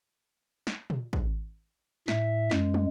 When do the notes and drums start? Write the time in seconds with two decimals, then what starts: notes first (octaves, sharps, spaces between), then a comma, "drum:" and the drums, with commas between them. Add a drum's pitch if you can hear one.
0.67 drum: snare
0.90 drum: tom A#2
1.13 drum: kick
2.08 A2 E5, drum: snare
2.51 F#2 G#3, drum: snare
2.74 drum: tom